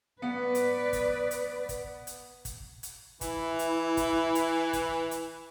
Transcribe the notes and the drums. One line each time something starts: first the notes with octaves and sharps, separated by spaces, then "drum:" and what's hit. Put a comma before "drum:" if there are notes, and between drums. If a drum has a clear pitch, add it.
B3 B4 D5
drum: hi-hat
drum: kick, hi-hat
drum: hi-hat
drum: kick, hi-hat
drum: hi-hat
drum: kick, hi-hat
drum: hi-hat
E3 E4, drum: kick, hi-hat
drum: hi-hat
drum: kick, hi-hat
drum: hi-hat
drum: kick, hi-hat
drum: hi-hat